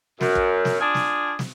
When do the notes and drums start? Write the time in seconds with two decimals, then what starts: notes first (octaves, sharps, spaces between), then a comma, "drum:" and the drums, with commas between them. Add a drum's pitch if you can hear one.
0.21 F#2, drum: snare
0.35 drum: kick
0.65 drum: snare
0.81 D4 F4 G#4
0.95 drum: snare
1.39 drum: snare